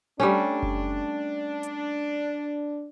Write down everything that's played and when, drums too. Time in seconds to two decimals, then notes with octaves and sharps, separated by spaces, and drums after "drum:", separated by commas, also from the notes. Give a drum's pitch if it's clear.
0.20 G3 A3 C#4 D4
0.63 drum: kick F#1
1.63 drum: hi-hat